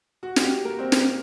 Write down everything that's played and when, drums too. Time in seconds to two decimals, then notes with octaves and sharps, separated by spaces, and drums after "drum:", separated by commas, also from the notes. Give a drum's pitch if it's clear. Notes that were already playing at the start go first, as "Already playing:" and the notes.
0.23 F#4
0.36 F#4, drum: snare
0.43 G4
0.65 A#3 A#4
0.78 C4 C5
0.92 A#3 A#4, drum: snare